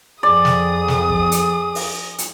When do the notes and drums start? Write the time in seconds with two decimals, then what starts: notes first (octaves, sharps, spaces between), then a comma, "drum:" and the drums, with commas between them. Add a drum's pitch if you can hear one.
0.23 F2 G#4 D5 D#6
0.45 drum: snare
0.88 drum: snare
1.10 drum: kick
1.32 drum: hi-hat
1.75 drum: open hi-hat
2.18 drum: hi-hat